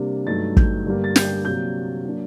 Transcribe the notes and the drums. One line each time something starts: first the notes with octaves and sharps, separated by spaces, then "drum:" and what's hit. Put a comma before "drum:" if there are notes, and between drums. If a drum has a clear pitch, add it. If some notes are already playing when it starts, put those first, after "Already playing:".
Already playing: C3 G3 A#3 D4
G2 F#3 A3 D#4 A6
G6, drum: kick
G2 D3 G3 A#3 D4
A6
G6, drum: snare
C3 F#3 A#3 D4 G6
F#3 A#3 D4